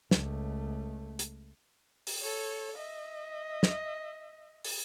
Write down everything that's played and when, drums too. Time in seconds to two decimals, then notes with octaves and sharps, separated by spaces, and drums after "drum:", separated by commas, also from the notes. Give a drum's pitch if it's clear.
0.11 C#2 A3, drum: snare
1.19 drum: hi-hat
2.07 drum: open hi-hat
2.21 A4 C#5
2.76 D#5 E5
3.63 drum: snare
4.64 drum: open hi-hat